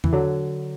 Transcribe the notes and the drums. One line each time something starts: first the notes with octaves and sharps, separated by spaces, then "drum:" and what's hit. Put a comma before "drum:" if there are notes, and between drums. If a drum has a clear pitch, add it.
E3, drum: tom E2
D3 F#3